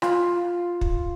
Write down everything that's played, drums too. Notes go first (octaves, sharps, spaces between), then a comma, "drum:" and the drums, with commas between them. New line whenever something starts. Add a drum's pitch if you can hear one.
F4, drum: rim click
drum: kick